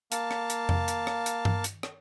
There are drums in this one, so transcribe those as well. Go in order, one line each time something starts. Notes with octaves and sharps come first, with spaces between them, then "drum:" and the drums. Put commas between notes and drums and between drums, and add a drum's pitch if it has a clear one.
A#3 F5 A5, drum: hi-hat
drum: rim click
drum: hi-hat
drum: tom F2
drum: hi-hat
drum: rim click
drum: hi-hat
drum: tom G2
drum: hi-hat
drum: rim click